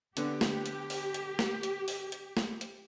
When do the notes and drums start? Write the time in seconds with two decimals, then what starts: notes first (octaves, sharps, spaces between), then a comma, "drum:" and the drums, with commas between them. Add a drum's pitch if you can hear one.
0.17 D3 B3 D4 G4, drum: hi-hat
0.41 drum: snare
0.66 drum: hi-hat
0.90 drum: open hi-hat
1.14 drum: hi-hat
1.39 drum: snare
1.63 drum: hi-hat
1.88 drum: open hi-hat
2.12 drum: hi-hat
2.37 drum: snare
2.61 drum: hi-hat